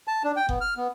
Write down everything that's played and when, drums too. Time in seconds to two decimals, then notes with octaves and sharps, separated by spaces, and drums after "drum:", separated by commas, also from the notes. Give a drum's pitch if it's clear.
0.08 A5
0.24 D4
0.36 G5
0.49 B3, drum: kick F#1
0.61 F6
0.77 B3